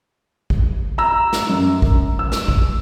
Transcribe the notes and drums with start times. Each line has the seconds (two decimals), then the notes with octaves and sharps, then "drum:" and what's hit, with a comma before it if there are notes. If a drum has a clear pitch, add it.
0.50 drum: kick
0.98 A#5 E6
1.33 drum: snare
1.49 F#2
1.82 drum: kick
2.19 E6
2.32 drum: snare
2.48 drum: kick